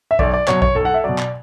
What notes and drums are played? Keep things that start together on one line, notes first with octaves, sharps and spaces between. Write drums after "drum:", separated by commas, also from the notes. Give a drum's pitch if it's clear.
E5
B1 D5, drum: kick A#1
D5
B2 F#3 C#5, drum: clap
C#5, drum: kick A#1
B1 A4
F#5
E5
B2 F#3 D5
drum: clap